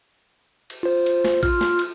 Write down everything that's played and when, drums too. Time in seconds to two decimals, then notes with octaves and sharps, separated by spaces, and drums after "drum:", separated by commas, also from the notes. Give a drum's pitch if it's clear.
0.70 drum: cymbal
0.83 F4 C5
1.06 drum: cymbal
1.25 drum: snare
1.43 F4 F6, drum: kick A1, cymbal
1.61 drum: snare
1.79 drum: cymbal